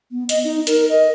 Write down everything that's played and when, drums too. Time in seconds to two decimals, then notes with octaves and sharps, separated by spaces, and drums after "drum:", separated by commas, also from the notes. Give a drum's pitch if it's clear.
0.11 B3
0.29 D#5, drum: hi-hat
0.44 D#4
0.67 A#4, drum: hi-hat
0.89 D#5